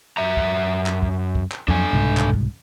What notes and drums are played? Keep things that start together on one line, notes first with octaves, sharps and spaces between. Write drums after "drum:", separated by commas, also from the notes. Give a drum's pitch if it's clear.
F#2 E5 A#5
drum: kick
drum: clap
drum: kick
drum: kick
drum: clap
F2 F#3 D4 A4 G#5, drum: kick
C2 G#2 B2
drum: clap
drum: kick